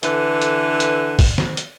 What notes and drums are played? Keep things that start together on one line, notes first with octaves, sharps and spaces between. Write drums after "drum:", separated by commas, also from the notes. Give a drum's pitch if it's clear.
D3 E3 A4 B4, drum: hi-hat
drum: hi-hat
drum: hi-hat
drum: kick, open hi-hat
drum: snare
drum: hi-hat